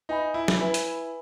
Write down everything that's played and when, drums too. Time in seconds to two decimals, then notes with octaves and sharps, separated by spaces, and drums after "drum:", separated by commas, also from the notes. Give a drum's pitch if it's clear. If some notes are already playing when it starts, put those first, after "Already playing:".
0.09 D#4 B4 E5 G#5 B5
0.34 E4
0.48 drum: snare
0.61 E4 B4 E5 G#5 B5
0.74 drum: hi-hat